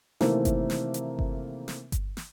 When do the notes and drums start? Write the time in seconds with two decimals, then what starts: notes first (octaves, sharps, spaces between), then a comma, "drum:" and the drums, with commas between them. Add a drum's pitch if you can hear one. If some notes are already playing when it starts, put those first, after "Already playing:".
0.21 C3 D#3 E3 A3 A#3 C4, drum: snare
0.45 drum: kick G1, hi-hat
0.70 drum: snare
0.94 drum: hi-hat
1.19 drum: kick G1
1.68 drum: snare
1.92 drum: kick G1, hi-hat
2.17 drum: snare